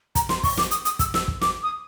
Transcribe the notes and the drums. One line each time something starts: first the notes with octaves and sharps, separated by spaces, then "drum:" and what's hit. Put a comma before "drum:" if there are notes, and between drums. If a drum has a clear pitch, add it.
A#5, drum: kick, hi-hat
C6, drum: snare
C#6, drum: kick, open hi-hat
D6, drum: snare
D#6, drum: hi-hat
D#6, drum: hi-hat
E6, drum: kick, hi-hat
E6, drum: snare
drum: kick
D6, drum: snare
D#6